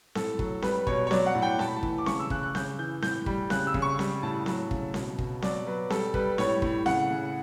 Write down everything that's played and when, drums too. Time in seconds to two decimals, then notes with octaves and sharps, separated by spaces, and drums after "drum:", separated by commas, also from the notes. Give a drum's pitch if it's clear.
0.15 A2 A4, drum: snare C4
0.39 F#3, drum: kick
0.62 G3 B4, drum: snare C4
0.87 B2 C#5, drum: kick
1.07 C#5
1.11 F#3 D5, drum: snare C4
1.26 F#5
1.35 A2
1.42 G5
1.59 A2 A5, drum: snare C4
1.67 B5
1.76 A5
1.83 E3, drum: kick
1.98 D6
2.06 C#3 C#6, drum: snare C4
2.19 E6
2.30 C#3 F#6, drum: kick
2.43 F#6
2.55 C#3 G6, drum: snare C4
2.79 E3 G6
3.02 A2 G6, drum: snare C4
3.26 G3, drum: kick
3.50 C#3 F#6, drum: snare C4
3.67 E6
3.74 C#3, drum: kick
3.82 C#6
3.99 G3, drum: snare C4
4.23 A2 A5
4.46 F#3, drum: snare C4
4.71 C#3, drum: kick
4.94 B2, drum: snare C4
5.18 B2, drum: kick
5.42 F#3 D5, drum: snare C4
5.67 F#3 B4
5.90 G3 A4, drum: snare C4
6.14 G3 B4, drum: kick
6.38 A2 C#5, drum: snare C4
6.62 A2, drum: kick
6.86 C#3 F#5, drum: snare C4
7.10 C#3